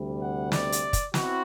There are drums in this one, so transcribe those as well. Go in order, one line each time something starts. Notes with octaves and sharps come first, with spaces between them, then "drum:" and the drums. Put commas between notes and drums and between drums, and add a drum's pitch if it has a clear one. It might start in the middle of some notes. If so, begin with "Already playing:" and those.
Already playing: D2 C3 G3
F#5
D5, drum: snare
drum: hi-hat
drum: kick, hi-hat
C4 E4 F#4, drum: snare